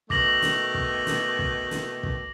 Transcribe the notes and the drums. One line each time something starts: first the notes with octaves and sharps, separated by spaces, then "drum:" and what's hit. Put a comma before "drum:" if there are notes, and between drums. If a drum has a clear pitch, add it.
B2 D#3 A3 D6 A#6 F#7, drum: kick
drum: snare
drum: kick
drum: snare
drum: kick
drum: snare
drum: kick